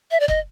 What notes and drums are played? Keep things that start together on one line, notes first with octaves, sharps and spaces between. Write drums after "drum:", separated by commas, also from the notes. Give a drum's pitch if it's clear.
E5
D5
D#5, drum: kick F#1